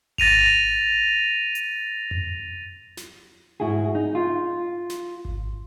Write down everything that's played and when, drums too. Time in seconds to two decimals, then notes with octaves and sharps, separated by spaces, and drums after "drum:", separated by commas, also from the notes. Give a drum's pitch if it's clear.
0.18 A6 A#6 D#7 F7, drum: kick G#1
1.55 drum: hi-hat
2.11 drum: tom F2
2.97 drum: snare
3.60 G#2 E4 F#4 G#4
3.95 D#4
4.15 F4
4.90 drum: snare
5.25 drum: kick G#1